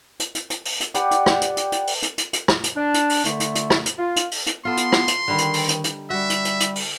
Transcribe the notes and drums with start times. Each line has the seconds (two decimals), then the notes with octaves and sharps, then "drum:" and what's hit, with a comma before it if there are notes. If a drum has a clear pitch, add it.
0.19 drum: hi-hat
0.35 drum: hi-hat
0.50 drum: hi-hat
0.65 drum: open hi-hat
0.81 drum: hi-hat
0.94 G4 B4 D5 F#5, drum: hi-hat
1.11 drum: hi-hat
1.26 drum: rim click
1.42 drum: hi-hat
1.57 drum: hi-hat
1.72 drum: hi-hat
1.87 drum: open hi-hat
2.03 drum: hi-hat
2.18 drum: hi-hat
2.33 drum: hi-hat
2.48 drum: rim click
2.64 drum: hi-hat
2.75 D4
2.94 drum: hi-hat
3.09 drum: open hi-hat
3.25 D3 A3, drum: hi-hat
3.40 drum: hi-hat
3.55 drum: hi-hat
3.70 drum: rim click
3.86 drum: hi-hat
3.97 F4
4.16 drum: hi-hat
4.31 drum: open hi-hat
4.47 drum: hi-hat
4.65 B3 F4 A4 C6
4.77 drum: hi-hat
4.92 drum: rim click
5.08 drum: hi-hat
5.28 D3 D#3 G3 D#4
5.38 drum: hi-hat
5.53 drum: open hi-hat
5.69 drum: hi-hat
5.84 drum: hi-hat
6.10 G3 F#4 E5
6.30 drum: hi-hat
6.45 drum: hi-hat
6.60 drum: hi-hat
6.75 drum: open hi-hat